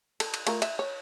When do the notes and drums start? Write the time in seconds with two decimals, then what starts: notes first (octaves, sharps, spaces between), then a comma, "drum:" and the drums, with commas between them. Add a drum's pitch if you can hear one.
0.20 A4, drum: cymbal
0.34 drum: cymbal
0.47 A3 F4 A#4, drum: cymbal
0.62 E5, drum: cymbal
0.79 C#5